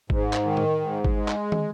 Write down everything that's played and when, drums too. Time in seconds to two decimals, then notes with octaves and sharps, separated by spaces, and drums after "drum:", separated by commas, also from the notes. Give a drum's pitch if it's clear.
0.10 G#2, drum: kick G#1
0.33 drum: clap
0.45 D#3
0.57 drum: tom A2
0.81 G#2
1.05 drum: kick G#1
1.17 G#3
1.28 drum: clap
1.52 drum: tom